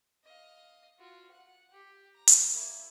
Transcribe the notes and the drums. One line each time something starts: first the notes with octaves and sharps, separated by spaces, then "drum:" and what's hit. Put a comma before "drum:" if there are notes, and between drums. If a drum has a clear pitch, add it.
D#5 F5
F4 F#4
F#5
G4
A#5
drum: hi-hat
A#3 E4